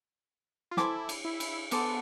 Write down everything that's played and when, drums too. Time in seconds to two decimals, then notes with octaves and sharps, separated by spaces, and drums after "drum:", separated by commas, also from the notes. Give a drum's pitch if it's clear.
0.71 F4
0.77 E4 A4 C5 G#5 D6, drum: snare
1.09 drum: cymbal
1.25 E4
1.40 drum: cymbal
1.71 B3 A4 C5 G#5 D6, drum: cymbal